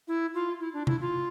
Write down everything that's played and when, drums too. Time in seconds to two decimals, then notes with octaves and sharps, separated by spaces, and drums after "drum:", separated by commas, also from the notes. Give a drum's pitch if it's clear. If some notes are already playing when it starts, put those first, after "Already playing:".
0.08 E4
0.34 F4
0.60 E4
0.74 D4
0.87 E4, drum: tom C3
1.01 F4